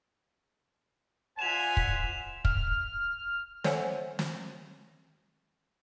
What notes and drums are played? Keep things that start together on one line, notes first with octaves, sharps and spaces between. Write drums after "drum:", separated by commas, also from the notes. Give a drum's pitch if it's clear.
F4 C5 D5 E5 F#5 G#5 E7 F7
drum: kick
F6, drum: kick
A4 C5 C#5 E5 F#5 G#5, drum: snare
drum: snare